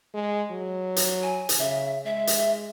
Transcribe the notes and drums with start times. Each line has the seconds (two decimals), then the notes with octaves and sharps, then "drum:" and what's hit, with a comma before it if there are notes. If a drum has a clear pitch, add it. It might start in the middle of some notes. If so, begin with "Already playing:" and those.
0.14 G#3
0.51 F#3
0.96 drum: hi-hat
1.23 G#5
1.49 drum: hi-hat
1.59 C#3 E5
2.06 G#3 E5
2.27 drum: hi-hat